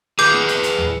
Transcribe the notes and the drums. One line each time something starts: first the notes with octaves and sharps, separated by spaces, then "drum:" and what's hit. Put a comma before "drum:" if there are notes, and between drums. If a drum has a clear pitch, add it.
G#4 B4 D6 G6, drum: hi-hat
drum: snare
drum: hi-hat
drum: hi-hat
drum: tom